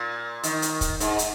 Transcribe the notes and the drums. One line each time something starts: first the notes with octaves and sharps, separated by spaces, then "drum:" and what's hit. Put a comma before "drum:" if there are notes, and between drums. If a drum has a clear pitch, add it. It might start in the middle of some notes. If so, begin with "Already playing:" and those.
Already playing: A#2
D#3, drum: hi-hat
drum: hi-hat
drum: kick, hi-hat
G#2, drum: hi-hat
drum: hi-hat